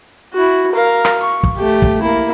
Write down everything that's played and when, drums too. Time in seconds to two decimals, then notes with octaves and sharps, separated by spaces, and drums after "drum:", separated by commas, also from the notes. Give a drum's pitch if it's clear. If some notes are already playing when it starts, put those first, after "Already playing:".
0.34 E4 F#4
0.72 A#4 F5
1.05 drum: rim click
1.21 C#6
1.43 drum: kick
1.56 A3 G4
1.82 drum: kick
2.02 A#3 E4